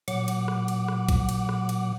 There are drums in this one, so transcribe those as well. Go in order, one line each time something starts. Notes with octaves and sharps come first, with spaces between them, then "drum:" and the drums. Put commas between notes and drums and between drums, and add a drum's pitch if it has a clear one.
A#2 F#3 F#5 D6, drum: cymbal
drum: cymbal
drum: rim click
drum: cymbal
drum: rim click
drum: kick A#1, cymbal
drum: cymbal
drum: rim click
drum: cymbal